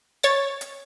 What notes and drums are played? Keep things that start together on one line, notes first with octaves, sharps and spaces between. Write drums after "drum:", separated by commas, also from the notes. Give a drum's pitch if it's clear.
C#5 A6, drum: hi-hat
drum: hi-hat